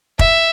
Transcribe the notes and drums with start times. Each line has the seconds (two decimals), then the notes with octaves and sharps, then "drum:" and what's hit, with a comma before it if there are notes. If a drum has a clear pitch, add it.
0.19 E5, drum: kick